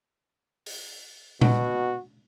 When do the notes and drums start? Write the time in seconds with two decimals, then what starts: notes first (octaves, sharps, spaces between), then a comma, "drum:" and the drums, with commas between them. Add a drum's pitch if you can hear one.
0.66 drum: open hi-hat
1.41 B2 F#4, drum: tom A#2